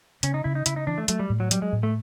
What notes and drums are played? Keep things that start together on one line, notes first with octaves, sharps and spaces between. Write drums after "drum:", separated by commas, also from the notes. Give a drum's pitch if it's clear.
C#3 C#4, drum: hi-hat
D#4
C#3 E4
D#4
C#3 E4, drum: hi-hat
D#4
E3 D4
A3
F#3 A3, drum: hi-hat
G3
A2
F#3
F#3 G3, drum: hi-hat
G#3
A2
A3